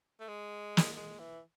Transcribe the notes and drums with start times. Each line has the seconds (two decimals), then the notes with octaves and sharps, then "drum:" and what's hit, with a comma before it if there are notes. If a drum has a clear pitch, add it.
0.20 A3
0.28 G#3
0.77 drum: snare
0.96 G#3
1.19 E3